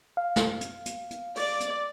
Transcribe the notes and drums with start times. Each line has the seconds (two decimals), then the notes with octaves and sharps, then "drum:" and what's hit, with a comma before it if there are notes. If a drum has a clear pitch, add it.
0.17 F5
0.36 drum: snare
0.61 drum: hi-hat
0.86 drum: hi-hat
1.11 drum: hi-hat
1.35 D5, drum: open hi-hat
1.60 drum: hi-hat